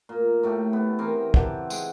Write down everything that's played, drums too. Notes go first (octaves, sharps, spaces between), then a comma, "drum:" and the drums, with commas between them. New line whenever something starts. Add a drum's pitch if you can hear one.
A#2
A2 A3 G4
B3
E3 C4 A#4
G4 F#5 G#5 A5, drum: kick
G#3, drum: tambourine